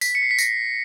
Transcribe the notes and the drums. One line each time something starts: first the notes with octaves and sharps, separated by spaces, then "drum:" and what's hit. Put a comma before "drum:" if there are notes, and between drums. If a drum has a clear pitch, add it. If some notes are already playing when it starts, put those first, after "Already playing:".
B6, drum: tambourine
C#7
C7
B6
A#6, drum: tambourine